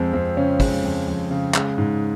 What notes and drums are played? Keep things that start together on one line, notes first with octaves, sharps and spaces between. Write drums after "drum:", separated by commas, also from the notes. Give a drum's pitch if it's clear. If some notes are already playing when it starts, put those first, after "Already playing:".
Already playing: F2 G#3 C4
F2 C4
C#3 C#4
G#3 C#4, drum: kick, open hi-hat
F2
F2
C#3
G#3, drum: clap
G#2